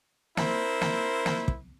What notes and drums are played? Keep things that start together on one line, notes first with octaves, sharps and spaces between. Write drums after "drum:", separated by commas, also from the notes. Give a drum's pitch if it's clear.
C4 E4 A#4 C5, drum: snare
drum: snare
drum: snare
drum: kick